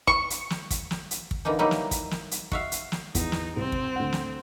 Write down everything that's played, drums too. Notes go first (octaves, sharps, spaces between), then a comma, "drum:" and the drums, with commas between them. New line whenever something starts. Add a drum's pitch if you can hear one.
C#6, drum: kick
drum: hi-hat
drum: snare
drum: kick, hi-hat
drum: snare
drum: hi-hat
drum: kick
D3 E3 A#3 D#4
F#3 G3 A#3 D#4 E4
drum: snare
drum: kick, hi-hat
drum: snare
drum: hi-hat
F#4 E5 F5, drum: kick
drum: hi-hat
drum: snare
E2 D#4, drum: kick, hi-hat
drum: snare
C2 C4
drum: kick
D2 F#5
drum: snare